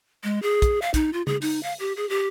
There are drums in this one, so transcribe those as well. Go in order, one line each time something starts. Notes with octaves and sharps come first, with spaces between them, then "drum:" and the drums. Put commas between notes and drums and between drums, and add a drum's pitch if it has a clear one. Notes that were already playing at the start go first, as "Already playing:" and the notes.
G#3
G#4
drum: kick, hi-hat
F5
D#4, drum: kick, hi-hat
F4
G#4, drum: tom C#3
D#4, drum: open hi-hat
F5
G4
G#4
G4